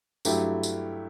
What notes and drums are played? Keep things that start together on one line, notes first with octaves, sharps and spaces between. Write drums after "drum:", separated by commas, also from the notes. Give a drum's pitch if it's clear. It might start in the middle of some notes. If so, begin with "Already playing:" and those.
G2 F#3 A3 E4 G4, drum: tambourine
drum: tambourine